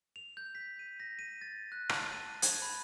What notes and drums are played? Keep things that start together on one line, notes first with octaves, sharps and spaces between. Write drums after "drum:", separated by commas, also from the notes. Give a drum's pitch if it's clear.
F7
G6
B6
D#7
A#6
D#7
A6
F#6
A5, drum: rim click
D#7
G#6, drum: hi-hat
B5